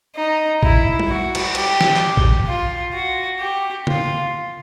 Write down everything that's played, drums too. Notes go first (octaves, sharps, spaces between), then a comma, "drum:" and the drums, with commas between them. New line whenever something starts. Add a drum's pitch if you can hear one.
D#4
E4, drum: kick A#1
drum: tom G3
F#4
drum: cymbal
G4, drum: cymbal
drum: snare
drum: clap
drum: kick A#1
F4
F#4
G4
F4, drum: tom C#3